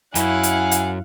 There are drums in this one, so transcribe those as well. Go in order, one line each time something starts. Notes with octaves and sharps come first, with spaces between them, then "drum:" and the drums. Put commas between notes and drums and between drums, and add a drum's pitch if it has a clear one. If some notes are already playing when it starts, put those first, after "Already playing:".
F#2 E4 F5 F#5 G#5, drum: hi-hat
drum: hi-hat
drum: hi-hat